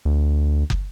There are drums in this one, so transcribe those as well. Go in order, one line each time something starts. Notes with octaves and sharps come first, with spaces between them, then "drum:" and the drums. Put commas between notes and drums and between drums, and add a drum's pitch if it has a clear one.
D2
drum: kick